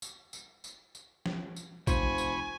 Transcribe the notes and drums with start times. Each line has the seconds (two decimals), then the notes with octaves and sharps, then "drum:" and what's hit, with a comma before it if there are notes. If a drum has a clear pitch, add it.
0.02 drum: tambourine
0.33 drum: tambourine
0.64 drum: tambourine
0.95 drum: tambourine
1.26 drum: snare
1.56 drum: tambourine
1.87 F1 F4 C5 G#5 B5 C#6, drum: kick, tambourine
2.18 drum: tambourine